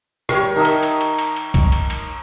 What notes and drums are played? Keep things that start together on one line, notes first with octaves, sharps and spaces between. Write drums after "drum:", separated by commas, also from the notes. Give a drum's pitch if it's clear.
G3 A#4 C#5, drum: rim click
D#3 E5 A5 A#5 D#6
drum: cymbal
drum: cymbal
drum: cymbal
drum: cymbal
drum: cymbal
drum: kick B1, cymbal
drum: cymbal
drum: cymbal